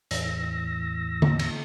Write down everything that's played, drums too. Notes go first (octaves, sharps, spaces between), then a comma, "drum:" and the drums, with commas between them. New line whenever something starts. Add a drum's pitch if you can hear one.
E2 A2 E3 E6 A#6, drum: hi-hat
drum: tom D3
drum: cymbal